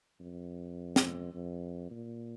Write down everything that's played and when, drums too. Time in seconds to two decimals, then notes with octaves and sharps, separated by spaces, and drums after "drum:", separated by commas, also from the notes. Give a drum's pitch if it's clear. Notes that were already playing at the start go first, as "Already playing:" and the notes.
0.20 F2
0.96 drum: snare
1.34 F2
1.90 A#2